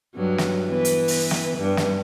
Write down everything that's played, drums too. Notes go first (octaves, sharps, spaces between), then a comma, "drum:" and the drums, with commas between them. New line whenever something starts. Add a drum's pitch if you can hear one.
G2 F#3
drum: snare
E3 B3 B4
drum: hi-hat
drum: open hi-hat
drum: snare
G2
drum: snare